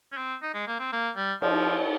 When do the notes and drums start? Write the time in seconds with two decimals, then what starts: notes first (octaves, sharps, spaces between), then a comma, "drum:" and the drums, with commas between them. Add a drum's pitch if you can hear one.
0.12 C#4
0.17 C4
0.42 D#4
0.54 G#3
0.67 A#3
0.80 C4
0.92 A#3
1.16 G3
1.42 F3, drum: cymbal